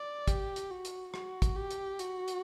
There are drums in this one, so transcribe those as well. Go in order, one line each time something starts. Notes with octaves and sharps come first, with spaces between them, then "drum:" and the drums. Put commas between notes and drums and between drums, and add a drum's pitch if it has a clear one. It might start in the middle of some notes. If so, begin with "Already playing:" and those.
Already playing: D5
G4, drum: kick, hi-hat
drum: hi-hat
F#4
drum: hi-hat
F#4, drum: rim click
drum: kick, hi-hat
G4
drum: hi-hat
F#4, drum: hi-hat
drum: hi-hat